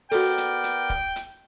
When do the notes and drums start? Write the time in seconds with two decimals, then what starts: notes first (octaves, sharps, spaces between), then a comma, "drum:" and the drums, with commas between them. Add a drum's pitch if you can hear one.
0.11 B3 F#4 A4 A#4 D5 G5, drum: open hi-hat
0.38 drum: hi-hat
0.64 drum: hi-hat
0.90 drum: kick D1
1.16 drum: hi-hat